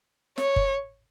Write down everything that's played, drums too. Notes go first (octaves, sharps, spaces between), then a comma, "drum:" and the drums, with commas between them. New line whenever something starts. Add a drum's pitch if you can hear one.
C#5, drum: snare
drum: kick F#1